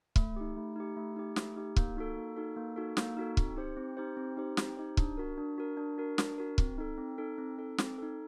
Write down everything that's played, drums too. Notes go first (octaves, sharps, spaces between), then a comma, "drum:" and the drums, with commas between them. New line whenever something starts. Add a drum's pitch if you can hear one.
A3, drum: kick
D#4 G4
A3
D#4 G4
A3
D#4 G4
A3, drum: snare
D#4 G4
A#3, drum: kick
D#4 F#4 A4
A#3
D#4 F#4 A4
A#3
D#4 F#4 A4
A#3, drum: snare
D#4 F#4 A4
C4, drum: kick
D#4 G4 C5
C4
D#4 G4 C5
C4
D#4 G4 C5
C4, drum: snare
D#4 G4 C5
D4, drum: kick
F#4 A#4
D4
F#4 A#4
D4
F#4 A#4
D4, drum: snare
F#4 A#4
C4, drum: kick
D#4 A4
C4
D#4 A4
C4
D#4 A4
C4, drum: snare
D#4 A4